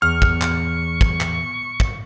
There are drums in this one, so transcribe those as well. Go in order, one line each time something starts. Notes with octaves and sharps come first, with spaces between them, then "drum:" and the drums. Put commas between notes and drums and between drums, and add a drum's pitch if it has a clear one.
E2 C#6 F6
drum: kick
drum: clap
drum: kick
drum: clap
drum: kick